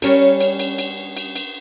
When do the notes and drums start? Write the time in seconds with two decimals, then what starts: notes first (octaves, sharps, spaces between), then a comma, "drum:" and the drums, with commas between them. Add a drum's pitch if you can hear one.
0.02 G3 C#4 A#4, drum: cymbal
0.40 drum: cymbal
0.59 drum: cymbal
0.78 drum: cymbal
1.17 drum: cymbal
1.36 drum: cymbal